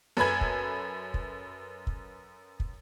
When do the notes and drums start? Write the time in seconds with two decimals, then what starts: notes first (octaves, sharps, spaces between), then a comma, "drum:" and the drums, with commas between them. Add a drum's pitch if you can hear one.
0.17 F#2 A4 B4 G#5 B5 G#6
0.41 drum: kick
1.14 drum: kick
1.87 drum: kick
2.60 drum: kick